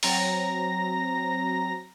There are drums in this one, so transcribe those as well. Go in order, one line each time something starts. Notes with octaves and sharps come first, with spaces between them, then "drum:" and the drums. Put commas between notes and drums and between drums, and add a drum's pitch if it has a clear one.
F#3 C4 A#5 A#6, drum: open hi-hat